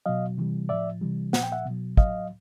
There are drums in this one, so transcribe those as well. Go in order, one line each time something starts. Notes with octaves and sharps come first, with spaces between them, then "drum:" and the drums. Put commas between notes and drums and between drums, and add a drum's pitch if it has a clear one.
B2 F#3 D#5 F5
C3 E3 G3
A2 F3 D5 E5
C3 E3 G3
A#2 F3 F#5, drum: snare
G5
E5 F#5
B2 F#3
A2 F#3 D#5 F5, drum: kick